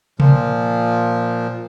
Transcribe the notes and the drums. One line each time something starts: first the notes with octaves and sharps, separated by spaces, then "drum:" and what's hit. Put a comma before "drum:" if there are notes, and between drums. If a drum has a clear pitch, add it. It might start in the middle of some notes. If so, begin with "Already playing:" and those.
A#2 F3, drum: tom C3